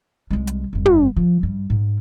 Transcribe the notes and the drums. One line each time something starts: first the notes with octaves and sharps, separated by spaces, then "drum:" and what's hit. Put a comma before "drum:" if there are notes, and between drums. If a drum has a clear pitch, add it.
C2 G#3
drum: hi-hat
F1 G2
drum: tom
F3
G2
G#2